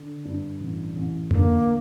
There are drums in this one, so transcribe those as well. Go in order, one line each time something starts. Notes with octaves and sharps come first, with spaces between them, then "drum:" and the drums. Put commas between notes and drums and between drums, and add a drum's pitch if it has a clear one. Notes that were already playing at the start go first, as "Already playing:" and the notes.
Already playing: D3
G2
A1
A1
D3 A#3, drum: tom F2